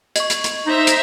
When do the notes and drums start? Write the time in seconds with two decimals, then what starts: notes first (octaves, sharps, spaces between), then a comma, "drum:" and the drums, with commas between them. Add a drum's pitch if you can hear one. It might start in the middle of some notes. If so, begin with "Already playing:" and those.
0.16 D#5 C#6, drum: hi-hat
0.30 drum: hi-hat
0.44 drum: hi-hat
0.67 D#4 C5 E5 A#5
0.87 drum: hi-hat